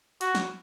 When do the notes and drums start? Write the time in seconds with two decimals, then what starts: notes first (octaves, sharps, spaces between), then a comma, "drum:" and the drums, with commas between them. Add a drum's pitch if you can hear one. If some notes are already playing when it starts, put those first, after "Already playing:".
0.21 F#4, drum: hi-hat
0.35 drum: snare